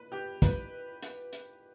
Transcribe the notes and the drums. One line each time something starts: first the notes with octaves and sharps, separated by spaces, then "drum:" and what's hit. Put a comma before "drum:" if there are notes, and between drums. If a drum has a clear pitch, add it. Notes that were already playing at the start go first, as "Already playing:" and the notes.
Already playing: B4
G4
B4, drum: kick, hi-hat
drum: hi-hat
drum: hi-hat